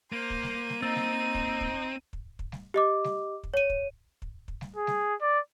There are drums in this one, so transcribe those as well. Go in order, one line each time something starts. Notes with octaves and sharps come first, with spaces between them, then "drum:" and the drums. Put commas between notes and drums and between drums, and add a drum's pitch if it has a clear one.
A#3 C5 D#7
drum: kick
drum: snare G3
drum: snare G3
A#3 C4 D#4 E6 A6
drum: snare G3
drum: kick
drum: kick
drum: kick
drum: kick
drum: snare G3
G4 D#5 D6
drum: snare G3
drum: kick
C#5 D#7
drum: kick
drum: kick
drum: kick
drum: snare G3
G#4
drum: snare G3
D5